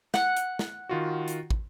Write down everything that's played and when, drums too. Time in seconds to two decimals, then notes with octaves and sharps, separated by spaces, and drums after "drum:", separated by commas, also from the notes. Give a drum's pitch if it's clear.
0.14 F#5, drum: snare
0.37 drum: hi-hat
0.59 drum: snare
0.89 D#3 F4 F#4
1.28 drum: hi-hat
1.50 drum: kick